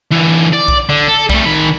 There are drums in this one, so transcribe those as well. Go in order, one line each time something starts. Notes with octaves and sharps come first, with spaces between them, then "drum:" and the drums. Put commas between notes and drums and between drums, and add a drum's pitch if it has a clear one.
D3 E3
D5
drum: kick B1
D3
A4
G3 A3, drum: kick B1
D#3 B5